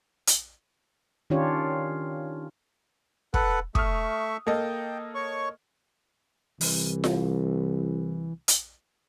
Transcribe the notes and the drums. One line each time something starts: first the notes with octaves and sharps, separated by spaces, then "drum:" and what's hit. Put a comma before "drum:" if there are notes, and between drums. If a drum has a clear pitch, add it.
drum: hi-hat
D#3 C#4 D4 F4 G4 C#5
A4 B4 F#5, drum: kick
A3 E5 C#6 D#6 F6, drum: kick
A#3 A4 D#5 G5
C#5 C#6
C2 E3, drum: open hi-hat
drum: snare F4
drum: hi-hat